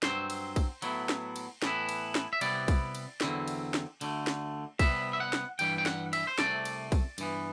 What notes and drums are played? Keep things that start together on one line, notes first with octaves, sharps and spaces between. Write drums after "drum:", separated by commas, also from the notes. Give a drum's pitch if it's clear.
G2 F#3 C4 C5, drum: snare
drum: cymbal
drum: kick B1, cymbal
A2 F#3 B3 E4, drum: cymbal
drum: snare
drum: cymbal
A2 E3 B3 E4, drum: snare
drum: cymbal
drum: snare
E5
C3 G3 B3 E4 D5, drum: cymbal
drum: kick B1, cymbal
drum: cymbal
E2 D3 F#3 C4 E4, drum: snare
drum: cymbal
drum: snare
D2 D3 A3, drum: cymbal
drum: snare
C2 C3 G3 B3 E5, drum: kick B1, cymbal
E5
F#5
drum: snare
G2 E3 G3 G5, drum: cymbal
G5
F#5, drum: snare
E5, drum: cymbal
C5
C2 C3 E3 A3 D5, drum: snare
drum: cymbal
drum: kick B1, cymbal
G2 E3 B3, drum: cymbal